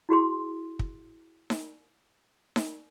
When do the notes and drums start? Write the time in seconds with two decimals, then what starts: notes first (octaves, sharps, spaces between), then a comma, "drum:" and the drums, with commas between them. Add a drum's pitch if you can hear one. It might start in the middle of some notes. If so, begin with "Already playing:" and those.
0.09 E4 F#4 G#4 C6
0.79 drum: kick
1.50 drum: snare D#4
2.56 drum: snare D#4